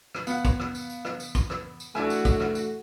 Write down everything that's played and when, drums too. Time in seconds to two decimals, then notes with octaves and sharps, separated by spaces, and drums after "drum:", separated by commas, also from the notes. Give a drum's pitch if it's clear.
0.15 drum: rim click
0.27 B3 F5 F#5, drum: tambourine
0.45 drum: kick, tambourine
0.60 drum: rim click
0.75 drum: tambourine
0.90 drum: tambourine
1.05 drum: rim click
1.20 drum: tambourine
1.35 drum: kick, tambourine
1.50 drum: rim click
1.80 drum: tambourine
1.95 A3 D4 E4 F#4 G#5, drum: rim click
2.10 drum: tambourine
2.25 drum: kick, tambourine
2.40 drum: rim click
2.55 drum: tambourine